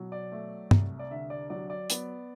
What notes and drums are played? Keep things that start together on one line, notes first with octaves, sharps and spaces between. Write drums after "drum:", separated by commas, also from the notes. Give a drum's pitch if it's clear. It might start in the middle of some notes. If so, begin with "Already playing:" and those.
Already playing: B2 F#3
D5
A3
C2, drum: tom
D5
D3 E5
D5
F#3 D5
D5
B3, drum: hi-hat